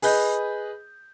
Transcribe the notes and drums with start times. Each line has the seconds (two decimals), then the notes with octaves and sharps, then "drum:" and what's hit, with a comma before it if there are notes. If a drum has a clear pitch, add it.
0.02 G#4 B4 D#5 G6, drum: open hi-hat